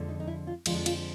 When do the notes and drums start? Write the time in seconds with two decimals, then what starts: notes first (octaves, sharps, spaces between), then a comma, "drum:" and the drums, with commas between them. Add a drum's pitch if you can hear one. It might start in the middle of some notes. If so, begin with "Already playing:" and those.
Already playing: F2 D3 F3 G#3
0.09 D#4
0.20 D#4
0.27 E4
0.47 F4
0.66 F2 D3 F3 G#3 F4, drum: cymbal
0.86 F4, drum: cymbal